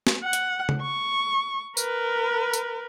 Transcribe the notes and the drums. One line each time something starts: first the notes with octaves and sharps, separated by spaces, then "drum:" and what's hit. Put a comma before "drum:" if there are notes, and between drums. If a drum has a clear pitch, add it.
drum: snare
F#5
drum: hi-hat
drum: tom C#3
C#6
A#4 B4, drum: tambourine
drum: tambourine